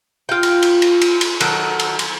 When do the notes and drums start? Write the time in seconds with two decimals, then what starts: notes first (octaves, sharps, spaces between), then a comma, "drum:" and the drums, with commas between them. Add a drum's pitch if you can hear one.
0.29 F4 G5
0.43 drum: cymbal
0.62 drum: cymbal
0.82 drum: cymbal
1.01 drum: cymbal
1.21 drum: cymbal
1.40 D#3 F#3 A4, drum: cymbal
1.79 drum: cymbal
1.99 drum: cymbal